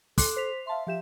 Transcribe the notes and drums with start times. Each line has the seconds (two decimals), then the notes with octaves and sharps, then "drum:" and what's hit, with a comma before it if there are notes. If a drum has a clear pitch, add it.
0.18 A4 C6 D6 F#6, drum: kick, open hi-hat
0.36 C5 B6 F7
0.67 E5 F5 A5 C6
0.87 F3 G4 E5 E7